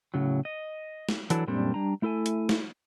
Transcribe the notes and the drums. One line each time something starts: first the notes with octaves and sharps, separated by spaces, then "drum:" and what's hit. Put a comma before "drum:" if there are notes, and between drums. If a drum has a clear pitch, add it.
A2 C#3 F#3
D#5
drum: snare
E3 F#3 D4 E4 A4, drum: hi-hat
F#2 A#2 G3 A3 C4 D4
G3 D4 A#5
A3 E4 A4 E5 G#5
drum: hi-hat
drum: snare